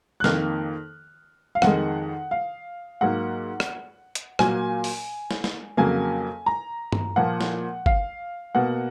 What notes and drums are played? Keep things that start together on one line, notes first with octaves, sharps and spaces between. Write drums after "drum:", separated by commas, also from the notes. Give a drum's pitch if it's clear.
F#6
F2 D#3 A#3 F6, drum: snare
F5
F2 D#3 G#3 F#5, drum: rim click
F5
G#2 F#3 A#3 F#5
drum: rim click
drum: hi-hat
A#2 F#3 A#3 G#5, drum: rim click
drum: open hi-hat
drum: snare
drum: snare
F2 C#3 F#3 A#3 G#5
A#5
drum: tom G2
A#2 F3 A#3 F#5
drum: snare
F5, drum: kick
B2 A#3 F#5